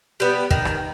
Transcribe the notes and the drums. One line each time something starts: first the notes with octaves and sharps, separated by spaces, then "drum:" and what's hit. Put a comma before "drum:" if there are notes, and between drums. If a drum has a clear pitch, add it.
G3 B3
D#3, drum: kick
drum: rim click